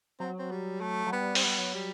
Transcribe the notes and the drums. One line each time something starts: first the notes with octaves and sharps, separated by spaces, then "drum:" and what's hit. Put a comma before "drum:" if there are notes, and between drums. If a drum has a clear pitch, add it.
F#3 C4
C4
G3
A3
F#3
G3 B3
C4, drum: open hi-hat
G3 B3
F#3
G3